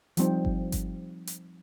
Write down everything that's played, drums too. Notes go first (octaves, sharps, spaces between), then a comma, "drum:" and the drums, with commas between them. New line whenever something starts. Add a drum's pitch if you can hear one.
F3 G3 C4 D#4, drum: hi-hat
drum: kick G1
drum: kick G1, hi-hat
drum: hi-hat